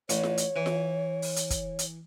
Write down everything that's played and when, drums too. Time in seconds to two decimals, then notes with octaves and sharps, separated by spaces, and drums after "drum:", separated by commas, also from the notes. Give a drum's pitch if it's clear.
0.09 A1 C#5, drum: hi-hat
0.23 drum: snare F4
0.38 drum: hi-hat
0.56 E3
0.66 drum: snare F4
1.22 drum: open hi-hat
1.36 drum: hi-hat
1.50 drum: kick, hi-hat
1.79 drum: hi-hat